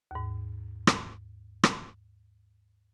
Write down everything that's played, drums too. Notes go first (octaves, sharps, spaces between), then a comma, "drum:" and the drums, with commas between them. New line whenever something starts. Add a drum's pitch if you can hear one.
D#2 G#2
drum: rim click
drum: rim click